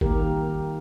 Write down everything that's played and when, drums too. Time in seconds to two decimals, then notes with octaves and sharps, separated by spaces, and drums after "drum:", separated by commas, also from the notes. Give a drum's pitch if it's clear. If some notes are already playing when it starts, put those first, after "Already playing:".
0.01 D#3 A#3 G4 A#4, drum: kick G#1